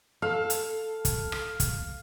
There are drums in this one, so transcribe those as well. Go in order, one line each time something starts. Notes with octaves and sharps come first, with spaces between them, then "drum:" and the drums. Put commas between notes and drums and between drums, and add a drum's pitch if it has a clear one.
A4 F5
drum: hi-hat
drum: kick, hi-hat
drum: rim click
drum: kick, hi-hat